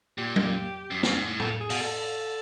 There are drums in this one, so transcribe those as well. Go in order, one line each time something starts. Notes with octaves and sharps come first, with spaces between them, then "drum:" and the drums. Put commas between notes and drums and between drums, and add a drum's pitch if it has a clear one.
A#2 G4
drum: tom F#3
F#2
G2, drum: snare
G#2
A2
A#2 A4, drum: tom
G#4
B2, drum: open hi-hat
A4